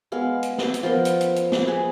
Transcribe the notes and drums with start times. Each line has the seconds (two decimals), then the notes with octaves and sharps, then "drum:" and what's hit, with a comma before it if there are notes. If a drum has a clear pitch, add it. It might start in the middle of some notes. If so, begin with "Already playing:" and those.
0.12 G#3 B3 F5
0.43 drum: hi-hat
0.58 drum: snare
0.74 drum: hi-hat
0.83 F3 B3 A#4 C6
1.05 drum: hi-hat
1.21 drum: hi-hat
1.36 drum: hi-hat
1.52 drum: snare
1.67 G#4 B4